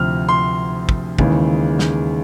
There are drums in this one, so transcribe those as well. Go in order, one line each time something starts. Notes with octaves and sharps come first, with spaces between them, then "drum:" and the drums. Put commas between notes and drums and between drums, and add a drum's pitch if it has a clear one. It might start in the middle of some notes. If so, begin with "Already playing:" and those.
Already playing: D2 C3 F3 F6
C6
drum: kick
D#2 C#3 E3 G#3, drum: kick
drum: snare